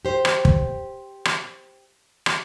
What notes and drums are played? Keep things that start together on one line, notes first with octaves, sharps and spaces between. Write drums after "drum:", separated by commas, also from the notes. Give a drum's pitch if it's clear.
G4 C5
drum: rim click
drum: kick
drum: rim click
drum: rim click